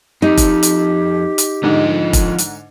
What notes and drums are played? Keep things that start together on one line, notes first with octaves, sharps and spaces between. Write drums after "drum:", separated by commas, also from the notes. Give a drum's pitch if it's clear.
F2 D#4 G4
drum: kick F1, hi-hat
drum: hi-hat
drum: hi-hat
G#2 D3 F3 D#5
drum: kick F1, hi-hat
drum: hi-hat